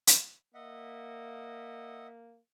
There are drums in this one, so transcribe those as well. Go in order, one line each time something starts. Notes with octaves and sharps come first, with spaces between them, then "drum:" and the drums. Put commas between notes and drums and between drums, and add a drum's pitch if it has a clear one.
drum: hi-hat
A#3 D#5 E5 F#5